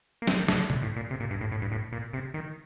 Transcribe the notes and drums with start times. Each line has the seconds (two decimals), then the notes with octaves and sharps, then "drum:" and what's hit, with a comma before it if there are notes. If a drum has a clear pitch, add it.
0.22 A#3
0.27 C4, drum: snare
0.39 D#3
0.48 C3, drum: snare
0.58 D3
0.70 D3, drum: tom
0.82 A2
0.96 A#2
1.11 C3
1.20 A#2
1.31 G2
1.41 A2
1.52 A2
1.62 G2
1.72 A2
1.92 A#2
2.13 C3
2.34 D#3